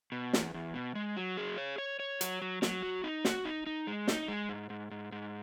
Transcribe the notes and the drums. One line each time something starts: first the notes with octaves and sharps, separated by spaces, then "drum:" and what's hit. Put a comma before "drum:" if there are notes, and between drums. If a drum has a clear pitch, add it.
B2
E2, drum: snare
E2
B2
G#3
F#3
G#4
C#5
C#5
C#5
F#3, drum: hi-hat
F#3
F#3, drum: snare
F#4
D#4
F#4, drum: snare
D#4
D#4
G#3
D#4, drum: snare
G#3
G#2
G#2
G#2
G#2